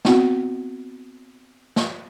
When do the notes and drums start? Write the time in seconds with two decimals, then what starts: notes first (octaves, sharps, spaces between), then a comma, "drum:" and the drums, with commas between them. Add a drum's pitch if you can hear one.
0.05 B3 C4 E4 F#4 F#5, drum: snare
1.76 drum: snare